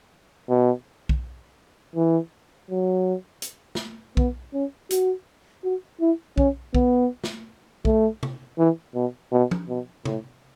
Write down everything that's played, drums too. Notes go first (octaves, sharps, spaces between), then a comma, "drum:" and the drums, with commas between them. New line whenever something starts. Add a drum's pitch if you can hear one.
B2
drum: kick B1
E3
F#3
drum: hi-hat
drum: snare
B3, drum: kick B1
C#4
F#4, drum: hi-hat
F#4
E4
C#4, drum: kick B1
B3, drum: kick B1
drum: snare
A3, drum: kick B1
drum: tom C3
E3
B2
B2
drum: tom
B2
A2, drum: tom C3